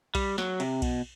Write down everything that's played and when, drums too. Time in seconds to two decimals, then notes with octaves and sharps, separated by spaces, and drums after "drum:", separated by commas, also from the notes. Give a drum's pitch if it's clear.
0.15 G3, drum: kick B1, cymbal
0.38 F#3, drum: snare
0.60 C3, drum: cymbal
0.82 B2, drum: kick B1, cymbal